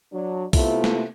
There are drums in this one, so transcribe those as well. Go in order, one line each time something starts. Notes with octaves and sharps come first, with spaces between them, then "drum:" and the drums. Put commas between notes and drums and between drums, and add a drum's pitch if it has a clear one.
F#3 D4
C3 A3 B3 E4 F4, drum: kick B1, open hi-hat
drum: snare